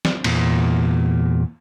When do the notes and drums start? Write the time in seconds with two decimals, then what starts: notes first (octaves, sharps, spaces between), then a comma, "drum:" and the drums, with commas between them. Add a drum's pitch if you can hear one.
0.05 drum: snare
0.24 E2 A#2, drum: cymbal